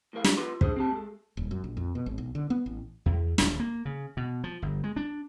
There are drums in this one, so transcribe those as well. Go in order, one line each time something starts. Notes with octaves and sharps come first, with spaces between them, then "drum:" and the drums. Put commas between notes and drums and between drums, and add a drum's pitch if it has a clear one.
A2 F3 A#4 F5
C2 G#2 G4, drum: snare
B3 F4 B4 C6
D4 G#4 C5, drum: kick
C4 G4 A5
G#3 A4
D#1
F#2
A#1
F2
B2
G#1
B1
D3
B3
A1
E2
D#1, drum: snare
A#3
C#3
B2
F3
G1
G#3
D4